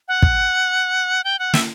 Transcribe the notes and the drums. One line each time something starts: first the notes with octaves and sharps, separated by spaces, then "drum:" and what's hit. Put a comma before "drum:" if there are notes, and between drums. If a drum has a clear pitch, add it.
F#5
drum: kick
G5
F#5
E5, drum: snare